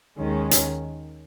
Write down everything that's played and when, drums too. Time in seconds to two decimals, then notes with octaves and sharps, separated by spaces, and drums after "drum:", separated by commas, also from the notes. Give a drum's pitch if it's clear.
0.18 D#2 D#3 G#3 C#4
0.51 drum: hi-hat